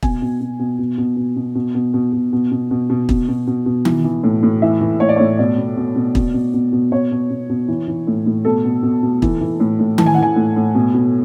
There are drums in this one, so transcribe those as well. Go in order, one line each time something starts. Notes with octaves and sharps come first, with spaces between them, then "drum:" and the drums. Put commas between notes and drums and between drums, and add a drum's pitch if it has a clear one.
B2 G#5, drum: kick
B2
B2
B2
B2
B2
B2
B2
B2
B2
B2
B2
B2
B2
B2
B2
B2, drum: kick
B2
B2
B2
E3, drum: tom D#3
E3
A2
A2
E3 E5
E3
A2 C#5
D5
A2 C#5
B2 D5
B2
B2
B2
B2, drum: kick
B2
B2
B2
B2 C#5
B2
B2
B2
E3
E3
A2
A2
B2 A4
B2
B2
B2
E3, drum: kick
E3
A2
A2
E3 A5, drum: tom D#3
G#5
F#5
E3 G#5
A2
A2
B2
B2